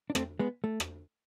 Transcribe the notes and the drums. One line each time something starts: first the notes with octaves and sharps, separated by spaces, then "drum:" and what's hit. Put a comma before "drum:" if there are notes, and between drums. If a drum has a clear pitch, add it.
D4
A3 C4, drum: rim click
G#3 B3
A3
drum: rim click